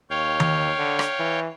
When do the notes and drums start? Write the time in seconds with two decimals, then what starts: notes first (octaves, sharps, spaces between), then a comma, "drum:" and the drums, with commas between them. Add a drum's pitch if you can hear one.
0.10 D#2 C#5 F5 G5
0.40 drum: tom D#3
0.78 D3
0.99 drum: rim click
1.19 E3